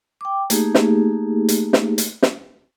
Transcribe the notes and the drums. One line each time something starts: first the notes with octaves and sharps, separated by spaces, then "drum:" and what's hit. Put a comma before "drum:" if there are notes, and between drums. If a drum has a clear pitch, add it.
G5 D6
A3 A#3 D#4 G4 G#4, drum: hi-hat
drum: snare
drum: hi-hat
drum: snare
drum: hi-hat
drum: snare